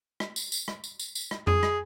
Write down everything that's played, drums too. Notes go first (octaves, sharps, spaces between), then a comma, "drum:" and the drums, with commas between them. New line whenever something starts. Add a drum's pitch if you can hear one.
drum: rim click
drum: tambourine
drum: tambourine
drum: rim click
drum: tambourine
drum: tambourine
drum: tambourine
drum: rim click
G#4, drum: tom F2
drum: rim click